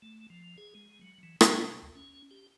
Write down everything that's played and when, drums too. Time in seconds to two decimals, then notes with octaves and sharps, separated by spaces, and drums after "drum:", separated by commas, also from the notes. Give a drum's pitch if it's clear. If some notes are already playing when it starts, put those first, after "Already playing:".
0.02 A3
0.30 F3
0.58 G#4
0.75 G#3
1.01 F#3
1.23 E3
1.41 C3, drum: rim click
1.82 D2
1.95 C#4
2.31 G4